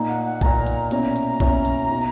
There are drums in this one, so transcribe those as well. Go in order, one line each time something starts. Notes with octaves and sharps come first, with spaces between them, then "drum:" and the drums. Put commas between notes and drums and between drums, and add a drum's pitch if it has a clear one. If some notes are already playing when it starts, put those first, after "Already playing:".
Already playing: A#2 A#3 D#4
F#5
F#5
A#2 A#3 D#4 A#5, drum: kick, hi-hat
drum: hi-hat
B2 A#3 C#4 E4 A#5, drum: hi-hat
drum: hi-hat
B2 A#3 C#4 E4, drum: kick, hi-hat
drum: hi-hat
B2 A#3 D#4